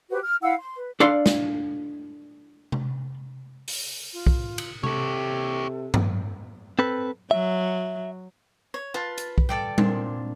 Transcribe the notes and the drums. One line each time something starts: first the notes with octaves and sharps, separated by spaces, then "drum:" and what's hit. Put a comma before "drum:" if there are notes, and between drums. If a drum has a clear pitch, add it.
F#4 G4 B4 C5
F6
E4 F5 F#5 E6
C6
B4
D4 A4 D5 F5 C6
drum: snare
drum: tom C3
drum: open hi-hat
F4
drum: kick B1
drum: cymbal
C3 G4 A4 C#5, drum: tom C3
drum: tom G2
C4 A4 B4
F#3 E5
C#5
F4 B4 A5
drum: hi-hat
drum: kick B1
G3 A4 D5 G5 A6
A#2 C4 D4, drum: tom G3